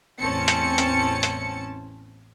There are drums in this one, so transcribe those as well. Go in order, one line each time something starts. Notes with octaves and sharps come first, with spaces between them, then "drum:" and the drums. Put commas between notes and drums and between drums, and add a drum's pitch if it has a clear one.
A1 E2 C4 C#4 A5 C#7
drum: hi-hat
drum: hi-hat
drum: hi-hat